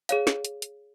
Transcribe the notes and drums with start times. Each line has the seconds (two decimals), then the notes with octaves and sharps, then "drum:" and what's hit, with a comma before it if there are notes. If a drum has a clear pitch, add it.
0.09 G#4 C#5 F5, drum: hi-hat
0.27 drum: snare
0.45 drum: hi-hat
0.62 drum: hi-hat